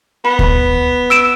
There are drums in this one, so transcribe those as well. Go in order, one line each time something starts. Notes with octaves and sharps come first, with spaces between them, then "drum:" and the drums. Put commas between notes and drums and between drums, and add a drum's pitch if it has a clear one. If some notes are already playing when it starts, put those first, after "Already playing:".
B3 B5
drum: kick D2
E6 D7 E7